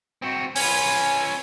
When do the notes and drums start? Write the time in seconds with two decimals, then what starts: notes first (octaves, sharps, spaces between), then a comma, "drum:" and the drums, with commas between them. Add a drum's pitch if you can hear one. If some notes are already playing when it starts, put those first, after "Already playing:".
0.22 C4 F#4
0.56 C#4 B4 G#5, drum: open hi-hat